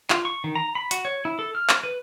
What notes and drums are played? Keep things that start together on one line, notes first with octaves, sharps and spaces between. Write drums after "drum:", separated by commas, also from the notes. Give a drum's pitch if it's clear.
F4, drum: clap
C#6
D#3
A#5
B5
F#4, drum: hi-hat
C#5
E4
A4
F6
drum: clap
B4